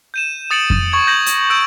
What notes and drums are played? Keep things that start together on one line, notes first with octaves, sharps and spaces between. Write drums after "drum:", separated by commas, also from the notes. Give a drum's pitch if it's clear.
G6 D#7 E7
D#6 A6 C#7 D7 F#7
drum: kick F2
C#6 G#6 F#7
G6 G#6 A#6 F#7
drum: hi-hat
E6 G6 D7